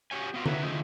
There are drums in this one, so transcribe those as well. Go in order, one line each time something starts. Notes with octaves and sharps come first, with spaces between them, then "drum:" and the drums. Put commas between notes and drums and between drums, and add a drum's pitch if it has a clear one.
F#4 G4 C#5 G#5
B3 C4 F4 F#4
D#4 B4 C#5 E5 F#5, drum: tom D3
E3 F3 A3 D#4 G#4